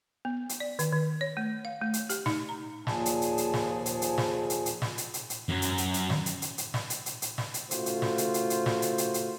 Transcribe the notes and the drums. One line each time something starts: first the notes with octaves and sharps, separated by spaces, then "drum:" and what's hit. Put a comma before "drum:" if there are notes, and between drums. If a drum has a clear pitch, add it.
B3
drum: hi-hat
D5
D#3, drum: hi-hat
D#3
C#5
A3
F5
A3
drum: hi-hat
G4, drum: hi-hat
D#4, drum: snare
A#5
D#2 A#2 F3 G#4 G#5 A5, drum: snare
drum: hi-hat
drum: hi-hat
drum: hi-hat
drum: snare
drum: hi-hat
drum: hi-hat
drum: snare
drum: hi-hat
drum: hi-hat
drum: snare
drum: hi-hat
drum: hi-hat
drum: hi-hat
F#2 F#3
drum: hi-hat
drum: hi-hat
drum: hi-hat
drum: snare
drum: hi-hat
drum: hi-hat
drum: hi-hat
drum: snare
drum: hi-hat
drum: hi-hat
drum: hi-hat
drum: snare
drum: hi-hat
C#3 A3 F4 F#4 C5, drum: hi-hat
drum: hi-hat
drum: snare
drum: hi-hat
drum: hi-hat
drum: hi-hat
drum: snare
drum: hi-hat
drum: hi-hat
drum: hi-hat